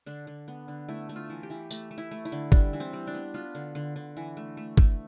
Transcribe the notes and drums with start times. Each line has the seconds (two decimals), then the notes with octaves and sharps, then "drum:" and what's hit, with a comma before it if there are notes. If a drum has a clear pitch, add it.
0.06 D3 D4
0.27 D3
0.48 B3
0.68 D3
0.89 A3 E4
1.09 A3
1.16 F4
1.30 E3
1.43 G4
1.50 E3
1.71 A3, drum: tambourine
1.91 A3
1.98 E4
2.11 A3
2.25 E4
2.32 D3
2.52 G3 D4, drum: kick
2.73 E3
2.80 C4
2.93 G3
3.07 D4
3.14 B3
3.34 B3 F4
3.55 D3
3.75 D3
3.96 D3
4.17 E3
4.37 A3
4.57 A3
4.77 A3, drum: kick